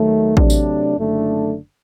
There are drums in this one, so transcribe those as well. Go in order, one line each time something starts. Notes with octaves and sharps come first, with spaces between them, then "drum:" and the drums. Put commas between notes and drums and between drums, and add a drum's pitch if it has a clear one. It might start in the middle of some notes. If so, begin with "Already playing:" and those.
Already playing: D#2 D#3 F#3 A3
C3 F#3 A3 D4, drum: kick
drum: tambourine
F#1 F#2 D3 A3 D4